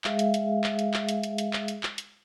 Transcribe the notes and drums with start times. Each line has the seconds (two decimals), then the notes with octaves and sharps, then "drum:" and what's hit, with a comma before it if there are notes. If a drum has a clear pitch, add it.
0.04 G#3 G#4 E5 F5, drum: clap
0.19 drum: hi-hat
0.34 drum: hi-hat
0.64 drum: clap
0.79 drum: hi-hat
0.94 drum: clap
1.09 drum: hi-hat
1.23 drum: hi-hat
1.38 drum: hi-hat
1.53 drum: clap
1.68 drum: hi-hat
1.83 drum: clap
1.98 drum: hi-hat